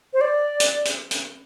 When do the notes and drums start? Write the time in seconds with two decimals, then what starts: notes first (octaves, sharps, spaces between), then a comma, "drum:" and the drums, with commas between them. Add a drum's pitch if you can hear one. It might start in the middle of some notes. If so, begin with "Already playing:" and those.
0.13 C5
0.21 D5
0.60 drum: hi-hat
0.85 drum: hi-hat
1.11 drum: hi-hat